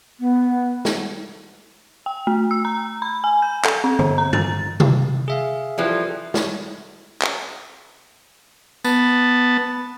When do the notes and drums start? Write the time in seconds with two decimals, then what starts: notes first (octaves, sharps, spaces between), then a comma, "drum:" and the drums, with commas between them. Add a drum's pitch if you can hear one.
0.20 B3
0.85 drum: snare
2.06 G5
2.27 A3
2.51 E6
2.65 A#5
3.02 B5
3.24 G#5
3.42 G6
3.65 A4, drum: clap
3.84 C4
3.99 D3, drum: tom
4.18 A#5
4.33 A6, drum: tom
4.80 drum: tom C3
5.28 G#4 E5 F5
5.78 E3 F3 G3
5.90 A4
6.34 drum: snare
7.22 drum: clap
8.85 B3 A5, drum: tambourine